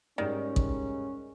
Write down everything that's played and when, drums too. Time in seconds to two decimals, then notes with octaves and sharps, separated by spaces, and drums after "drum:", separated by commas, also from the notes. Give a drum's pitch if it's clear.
0.18 G#2 D#3 G3 C#4 D5
0.56 drum: kick A1